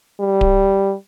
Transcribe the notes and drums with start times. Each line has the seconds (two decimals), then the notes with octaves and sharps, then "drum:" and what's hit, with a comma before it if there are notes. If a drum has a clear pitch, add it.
0.20 G3
0.41 drum: kick D1